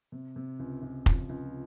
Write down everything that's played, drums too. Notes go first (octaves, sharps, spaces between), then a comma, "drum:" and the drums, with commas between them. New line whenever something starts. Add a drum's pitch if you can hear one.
C3
C3
C#2
C#2
F3, drum: kick F1
C#2